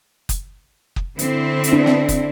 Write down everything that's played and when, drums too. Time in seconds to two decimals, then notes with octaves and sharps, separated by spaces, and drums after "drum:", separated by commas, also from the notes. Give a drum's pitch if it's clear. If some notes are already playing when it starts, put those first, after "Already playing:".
0.29 drum: kick, hi-hat
0.96 drum: kick
1.19 D3 C4 E4, drum: hi-hat
1.64 drum: hi-hat
1.73 D4
1.86 drum: snare
2.09 drum: kick, hi-hat